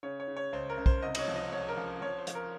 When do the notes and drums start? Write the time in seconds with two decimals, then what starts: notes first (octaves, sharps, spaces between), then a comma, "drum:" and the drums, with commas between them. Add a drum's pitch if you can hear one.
0.03 C#3 C#5
0.20 C#5
0.28 C#3
0.36 C#5
0.53 C#2 C5
0.70 A#4
0.77 C#2
0.86 C5, drum: kick
1.02 C2 D#5
1.15 D#5, drum: cymbal
1.19 C#5
1.28 F3
1.36 D#5
1.52 F3 C#5
1.69 A#4
1.77 F3
2.02 F3 C#5
2.18 C5
2.27 F3, drum: hi-hat
2.35 A#4